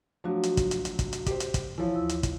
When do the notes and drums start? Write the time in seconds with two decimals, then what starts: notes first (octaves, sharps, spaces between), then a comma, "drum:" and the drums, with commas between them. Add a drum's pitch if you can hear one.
0.24 F3 F#3 A3 D4 F#4
0.43 drum: hi-hat
0.57 drum: kick, hi-hat
0.71 drum: hi-hat
0.85 drum: hi-hat
0.99 drum: kick, hi-hat
1.13 drum: hi-hat
1.26 G4 C5, drum: kick, hi-hat
1.40 drum: hi-hat
1.54 drum: kick, hi-hat
1.78 E3 F3 E4 C#5
1.94 D#2 F4 E6
2.09 drum: hi-hat
2.23 drum: kick, hi-hat